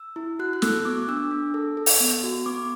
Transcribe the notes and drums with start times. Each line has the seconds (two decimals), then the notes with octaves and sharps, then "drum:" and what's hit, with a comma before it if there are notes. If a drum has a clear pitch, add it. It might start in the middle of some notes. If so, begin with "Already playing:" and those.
Already playing: E6
0.16 E4
0.39 F#4 F#6
0.53 F#6
0.62 A4 E6, drum: snare
0.85 B3 D6
1.08 D4 E6
1.31 D4
1.54 A4
1.77 A4
1.86 drum: open hi-hat
2.00 B3
2.23 F#4
2.46 B3 D6